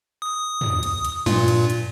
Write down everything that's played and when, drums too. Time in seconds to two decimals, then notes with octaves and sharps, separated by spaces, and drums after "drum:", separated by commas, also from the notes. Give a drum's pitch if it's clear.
0.22 D#6
0.61 drum: tom
0.83 drum: hi-hat
1.05 drum: hi-hat
1.26 G2 A#2 F4, drum: snare
1.48 drum: hi-hat
1.70 drum: hi-hat